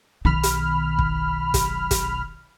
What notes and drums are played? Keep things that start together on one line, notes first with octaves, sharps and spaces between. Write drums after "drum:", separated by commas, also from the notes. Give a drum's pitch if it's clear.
B1 D#3 B5 F6
drum: hi-hat
drum: kick
drum: kick, hi-hat
drum: kick, hi-hat